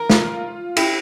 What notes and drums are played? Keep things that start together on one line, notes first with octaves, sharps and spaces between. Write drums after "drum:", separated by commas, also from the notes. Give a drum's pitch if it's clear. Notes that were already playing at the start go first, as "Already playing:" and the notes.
Already playing: A#4
F4, drum: snare
E4 G4, drum: cymbal